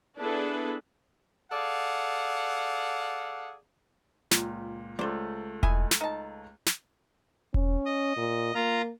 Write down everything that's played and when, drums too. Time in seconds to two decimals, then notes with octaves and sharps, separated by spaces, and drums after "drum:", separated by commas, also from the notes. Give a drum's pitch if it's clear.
0.18 B3 D4 E4 G#4 A4 B4
1.52 G#4 A4 D5 F5 F#5
4.31 C#2 A#2, drum: snare
4.99 C#2 A3 C5 D5
5.63 E4 D#5 G#5, drum: kick E1
5.91 drum: snare
6.01 D#4 A5
6.66 drum: snare
7.54 C#4, drum: kick E1
7.86 D#5
8.17 A#2
8.55 A#3 F4 A#5